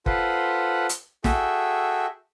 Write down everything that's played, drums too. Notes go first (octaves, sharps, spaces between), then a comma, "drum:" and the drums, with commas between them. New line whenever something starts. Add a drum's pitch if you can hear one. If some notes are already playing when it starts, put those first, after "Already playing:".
F4 A4 B4 C5 F#5, drum: kick F#1
drum: hi-hat
F#4 G#4 A4 E5 G5, drum: snare